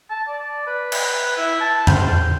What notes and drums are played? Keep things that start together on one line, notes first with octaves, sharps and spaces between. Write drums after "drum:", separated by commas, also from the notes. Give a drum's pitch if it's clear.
A5
D5
B4
drum: cymbal
E4
A5
C5, drum: tom E2